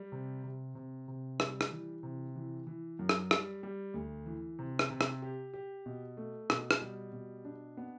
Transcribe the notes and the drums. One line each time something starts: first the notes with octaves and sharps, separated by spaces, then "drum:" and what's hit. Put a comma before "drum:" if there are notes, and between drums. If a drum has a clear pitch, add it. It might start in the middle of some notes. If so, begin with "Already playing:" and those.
Already playing: G3
C3
C3
C3
C3
G3, drum: rim click
drum: rim click
E3
C3
E3
E3
F#2
drum: rim click
G3, drum: rim click
G3
D2
E3
C3
drum: rim click
C3
drum: rim click
G4
G4
B2
A3
B2, drum: rim click
drum: rim click
G3
B2
D4
B3